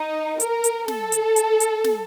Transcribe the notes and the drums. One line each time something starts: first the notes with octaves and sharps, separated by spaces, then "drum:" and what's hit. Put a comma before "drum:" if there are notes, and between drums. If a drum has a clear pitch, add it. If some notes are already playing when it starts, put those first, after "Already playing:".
Already playing: D#4
A#4, drum: hi-hat
drum: hi-hat
A4, drum: snare
drum: hi-hat
drum: hi-hat
drum: hi-hat
drum: snare